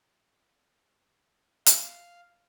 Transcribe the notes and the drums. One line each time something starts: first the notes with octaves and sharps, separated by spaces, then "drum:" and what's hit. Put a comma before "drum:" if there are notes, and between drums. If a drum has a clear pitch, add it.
F5, drum: hi-hat